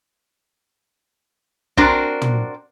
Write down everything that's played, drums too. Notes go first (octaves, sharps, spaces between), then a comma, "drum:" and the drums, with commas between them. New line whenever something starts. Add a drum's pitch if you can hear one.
C4 D4 F#4 A#4 C5 D5, drum: kick
drum: tom